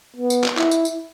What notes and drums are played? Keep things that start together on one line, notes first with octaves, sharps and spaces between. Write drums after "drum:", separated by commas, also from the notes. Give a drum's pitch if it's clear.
B3
drum: tambourine
drum: clap
E4, drum: clap
drum: tambourine
drum: tambourine